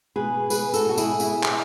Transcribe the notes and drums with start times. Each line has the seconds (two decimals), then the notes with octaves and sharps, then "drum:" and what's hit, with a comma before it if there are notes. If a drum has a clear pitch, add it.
0.16 B2 G#4 B4
0.50 B2 G#4 B4, drum: tambourine
0.74 F#4 A4, drum: tambourine
0.86 B2 F#4
0.98 E4 G#4, drum: tambourine
1.20 B2 E4 G#4, drum: tambourine
1.44 drum: clap